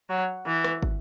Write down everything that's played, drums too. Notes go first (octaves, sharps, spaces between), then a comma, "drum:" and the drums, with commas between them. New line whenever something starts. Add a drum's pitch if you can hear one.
F#3
E3
drum: rim click
drum: kick